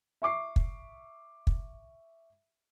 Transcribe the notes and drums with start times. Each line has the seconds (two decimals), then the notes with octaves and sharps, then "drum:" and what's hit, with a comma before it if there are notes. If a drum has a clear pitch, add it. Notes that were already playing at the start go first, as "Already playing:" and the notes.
0.22 E5 C#6 D6 C7
0.56 drum: kick
1.47 drum: kick